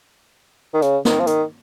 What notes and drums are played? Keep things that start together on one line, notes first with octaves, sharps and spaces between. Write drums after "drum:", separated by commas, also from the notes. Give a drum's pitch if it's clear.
D#3
C#3, drum: hi-hat
D#3, drum: snare
F3
D#3, drum: hi-hat